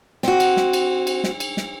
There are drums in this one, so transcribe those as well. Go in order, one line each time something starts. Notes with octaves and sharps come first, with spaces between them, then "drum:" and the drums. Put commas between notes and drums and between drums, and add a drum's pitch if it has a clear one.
C4 F#4, drum: snare
drum: cymbal
drum: snare
drum: cymbal
drum: cymbal
drum: snare
drum: cymbal
drum: snare